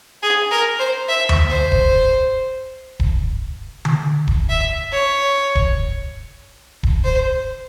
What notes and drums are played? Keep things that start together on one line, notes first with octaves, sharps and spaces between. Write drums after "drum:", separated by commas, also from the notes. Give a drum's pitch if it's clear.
G#4
A#4
C5
E5
drum: tom D#2
C5
drum: kick D#1
drum: kick D#1
drum: tom D3
drum: kick D#1
E5
C#5
drum: kick D#1
drum: kick D#1
C5